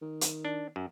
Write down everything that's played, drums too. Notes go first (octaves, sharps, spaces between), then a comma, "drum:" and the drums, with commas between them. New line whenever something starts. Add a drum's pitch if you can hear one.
D#3
drum: hi-hat
D4
F#2